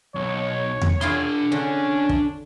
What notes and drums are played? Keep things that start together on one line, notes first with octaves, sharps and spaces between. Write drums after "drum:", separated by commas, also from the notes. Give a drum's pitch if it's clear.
B1 C#5
drum: tom E2
D4 E4 F4 G#4 C6
D3 C#4
drum: kick